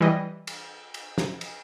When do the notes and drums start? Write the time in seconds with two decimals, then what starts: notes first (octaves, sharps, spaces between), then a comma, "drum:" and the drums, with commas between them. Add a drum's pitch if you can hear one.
0.01 E3 G3 D#5
0.47 drum: cymbal
0.94 drum: cymbal
1.18 drum: snare
1.41 drum: cymbal